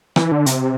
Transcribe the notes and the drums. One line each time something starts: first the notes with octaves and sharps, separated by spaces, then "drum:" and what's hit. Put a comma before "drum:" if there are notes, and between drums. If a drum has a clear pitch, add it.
E3, drum: rim click
D3
C3, drum: hi-hat